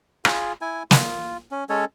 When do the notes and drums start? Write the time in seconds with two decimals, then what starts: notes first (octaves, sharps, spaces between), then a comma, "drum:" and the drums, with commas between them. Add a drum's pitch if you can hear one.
0.25 F4 G#4, drum: rim click
0.61 E4 G#5
0.91 F4, drum: snare
1.51 C#4
1.69 G#3 C#4 A4 C#5